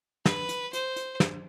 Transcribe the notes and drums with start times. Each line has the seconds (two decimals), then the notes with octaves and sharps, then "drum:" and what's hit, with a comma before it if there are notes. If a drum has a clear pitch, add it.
0.25 B4, drum: snare
0.49 drum: hi-hat
0.73 C5, drum: hi-hat
0.96 drum: hi-hat
1.20 drum: snare